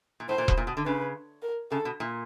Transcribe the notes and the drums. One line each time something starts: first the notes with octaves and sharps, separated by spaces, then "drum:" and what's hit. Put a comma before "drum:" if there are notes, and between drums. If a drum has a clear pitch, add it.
A#2
A2 C5
A#2
B2, drum: kick E1
A#2
B2
D3
C#3 B4
A#4
C#3 A4
B2
A#2